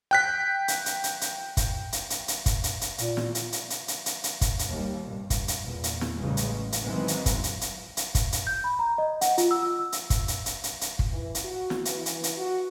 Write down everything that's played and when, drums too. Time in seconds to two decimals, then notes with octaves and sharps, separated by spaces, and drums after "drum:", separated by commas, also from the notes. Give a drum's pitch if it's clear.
0.11 G5 F#6 B6
0.68 drum: hi-hat
0.86 drum: hi-hat
1.04 drum: hi-hat
1.21 drum: hi-hat
1.57 drum: kick, hi-hat
1.92 drum: hi-hat
2.10 drum: hi-hat
2.28 drum: hi-hat
2.46 drum: kick, hi-hat
2.64 drum: hi-hat
2.81 drum: hi-hat
2.98 A#2, drum: hi-hat
3.17 drum: snare
3.35 drum: hi-hat
3.52 drum: hi-hat
3.70 drum: hi-hat
3.88 drum: hi-hat
4.06 drum: hi-hat
4.24 drum: hi-hat
4.41 drum: kick, hi-hat
4.59 drum: hi-hat
4.68 D#2 G3
5.07 G2
5.30 drum: kick, hi-hat
5.48 drum: hi-hat
5.63 E2 A#2
5.84 drum: hi-hat
6.01 drum: snare
6.14 A1 C#3 G3 G#3
6.37 drum: hi-hat
6.72 drum: hi-hat
6.82 D#3 E3 F#3 G#3 B3 C4
7.08 drum: hi-hat
7.26 drum: kick, hi-hat
7.44 drum: hi-hat
7.61 drum: hi-hat
7.97 drum: hi-hat
8.15 drum: kick, hi-hat
8.32 drum: hi-hat
8.47 G6
8.64 B5
8.79 A#5
8.98 D#5
9.21 F#5, drum: hi-hat
9.38 F4, drum: hi-hat
9.51 E6
9.62 E6
9.79 E6
9.92 drum: hi-hat
10.10 drum: kick, hi-hat
10.28 drum: hi-hat
10.46 drum: hi-hat
10.64 drum: hi-hat
10.81 drum: hi-hat
10.99 drum: kick
11.11 E3
11.35 drum: hi-hat
11.44 F#4
11.70 drum: snare
11.85 E3, drum: hi-hat
12.06 drum: hi-hat
12.24 drum: hi-hat
12.37 F#4